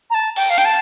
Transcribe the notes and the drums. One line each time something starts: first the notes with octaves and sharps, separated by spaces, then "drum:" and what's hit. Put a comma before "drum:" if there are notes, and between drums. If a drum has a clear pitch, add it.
A#5
A5
G5, drum: open hi-hat
F5
G5, drum: hi-hat
A5